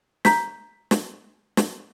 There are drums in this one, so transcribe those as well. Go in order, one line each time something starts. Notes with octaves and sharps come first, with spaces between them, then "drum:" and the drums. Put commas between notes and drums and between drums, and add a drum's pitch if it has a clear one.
A#5 G6 B6, drum: snare
drum: snare
drum: snare